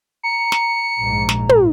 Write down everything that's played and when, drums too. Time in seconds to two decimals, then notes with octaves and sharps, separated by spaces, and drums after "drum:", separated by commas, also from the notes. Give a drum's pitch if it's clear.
0.23 A#5 C#7
0.52 drum: snare
1.01 A#1 G#2
1.29 drum: snare
1.49 drum: tom